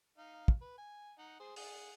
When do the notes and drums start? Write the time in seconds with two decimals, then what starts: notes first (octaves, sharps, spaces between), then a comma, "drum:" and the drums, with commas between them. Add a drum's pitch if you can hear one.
0.18 D#4 F5
0.48 drum: kick
0.61 B4
0.78 G#5
1.18 D#4 F#5
1.39 G#4 C5
1.56 G#4 F#5, drum: open hi-hat